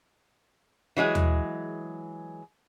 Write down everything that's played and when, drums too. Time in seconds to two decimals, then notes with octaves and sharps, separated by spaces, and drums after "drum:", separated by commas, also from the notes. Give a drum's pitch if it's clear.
0.97 E3 F#3 G#3 G#4
1.15 drum: tom D#2